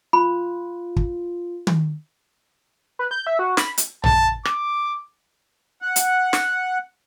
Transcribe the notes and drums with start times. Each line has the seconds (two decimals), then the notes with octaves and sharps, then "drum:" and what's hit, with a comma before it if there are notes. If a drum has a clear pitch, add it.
0.13 F4 B5
0.96 drum: kick
1.67 drum: tom
2.99 B4
3.11 G6
3.27 E5
3.39 F#4
3.57 B5, drum: snare
3.78 drum: hi-hat
4.04 A5, drum: tom A#1
4.45 D6, drum: rim click
5.82 F#5
5.96 drum: hi-hat
6.33 drum: snare